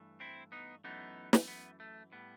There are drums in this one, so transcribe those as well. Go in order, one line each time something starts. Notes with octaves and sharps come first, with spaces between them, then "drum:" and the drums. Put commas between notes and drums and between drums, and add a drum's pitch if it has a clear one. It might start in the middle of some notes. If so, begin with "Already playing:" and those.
Already playing: G2 E3 A3
C4 E4
B3 D#4
F#2 E3 A3 B3 D#4
drum: snare
B3
A3
A2 G3 B3